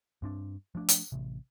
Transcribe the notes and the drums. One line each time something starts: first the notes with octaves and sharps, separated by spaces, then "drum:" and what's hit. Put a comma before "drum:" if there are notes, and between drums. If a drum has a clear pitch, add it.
G2 C4 D4
F3 A3 D4
drum: hi-hat
A1 C3